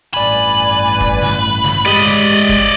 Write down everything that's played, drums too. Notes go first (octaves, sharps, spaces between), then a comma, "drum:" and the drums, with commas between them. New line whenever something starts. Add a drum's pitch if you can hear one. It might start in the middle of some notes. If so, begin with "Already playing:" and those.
A1 G2 B4 D5 G#5
drum: kick
drum: snare
drum: snare
G#3 G4 D5 D#5 B6
drum: snare
drum: kick